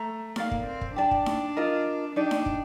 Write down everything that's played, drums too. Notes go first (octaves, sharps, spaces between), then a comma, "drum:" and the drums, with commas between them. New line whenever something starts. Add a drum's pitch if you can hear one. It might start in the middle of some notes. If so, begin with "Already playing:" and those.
Already playing: A3 A#5
A#3 A#4 D5 F5, drum: snare D#4
drum: kick
C4
drum: kick
D4 G4 D5 A5
drum: kick
drum: snare D#4
F4 A#4 D#5
D4 D#4 G4 D5
drum: snare D#4
drum: kick